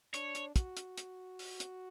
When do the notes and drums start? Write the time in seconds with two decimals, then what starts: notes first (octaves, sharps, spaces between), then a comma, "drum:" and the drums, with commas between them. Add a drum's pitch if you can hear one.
0.14 D4 C#5, drum: hi-hat
0.35 drum: hi-hat
0.56 F#4, drum: kick, hi-hat
0.77 drum: hi-hat
0.97 drum: hi-hat
1.39 drum: open hi-hat
1.60 drum: hi-hat